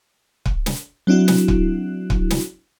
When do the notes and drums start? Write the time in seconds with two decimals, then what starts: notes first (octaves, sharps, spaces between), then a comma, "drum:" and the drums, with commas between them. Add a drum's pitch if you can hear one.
0.46 drum: kick
0.66 drum: snare
1.07 F#3 C4 D4 E4 F#4
1.28 drum: snare
1.48 drum: kick
2.10 drum: kick
2.30 drum: snare